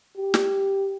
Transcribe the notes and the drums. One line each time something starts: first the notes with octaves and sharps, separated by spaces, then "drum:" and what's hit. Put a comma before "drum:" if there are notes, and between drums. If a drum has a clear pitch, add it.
G4
drum: snare